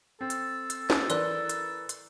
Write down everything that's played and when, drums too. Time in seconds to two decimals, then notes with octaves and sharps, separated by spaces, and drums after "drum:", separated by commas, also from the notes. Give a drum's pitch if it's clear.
0.21 C4 A4
0.30 drum: hi-hat
0.70 drum: hi-hat
0.90 drum: snare
1.10 E3 A#4 B4 D5 C6 F#6, drum: hi-hat
1.49 drum: hi-hat
1.89 drum: hi-hat